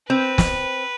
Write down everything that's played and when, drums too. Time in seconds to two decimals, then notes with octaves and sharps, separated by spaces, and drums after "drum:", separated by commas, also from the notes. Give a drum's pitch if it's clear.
0.10 C4 B4
0.38 drum: snare